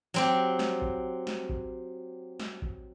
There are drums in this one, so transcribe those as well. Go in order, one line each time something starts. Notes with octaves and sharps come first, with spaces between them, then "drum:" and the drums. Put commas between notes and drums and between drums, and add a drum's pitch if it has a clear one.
F#3 C4 G4
drum: snare
drum: kick A1
drum: snare
drum: kick A1
drum: snare
drum: kick A1